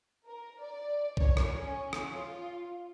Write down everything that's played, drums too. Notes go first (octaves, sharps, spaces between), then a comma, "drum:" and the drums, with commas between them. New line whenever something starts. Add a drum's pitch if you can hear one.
A#4
D5
C#5, drum: kick A#1
drum: rim click
C#4
drum: rim click
F4